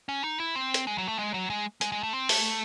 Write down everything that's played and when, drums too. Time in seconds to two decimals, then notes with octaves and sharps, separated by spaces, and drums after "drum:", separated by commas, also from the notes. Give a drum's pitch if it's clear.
0.09 C#4
0.24 D#4
0.40 E4
0.55 C4
0.74 drum: hi-hat
0.87 G#3
0.98 F#3
1.08 A3
1.19 G#3
1.34 F#3
1.50 G#3
1.81 G#3, drum: hi-hat
1.92 G#3
2.03 A3
2.13 C4
2.29 A3, drum: open hi-hat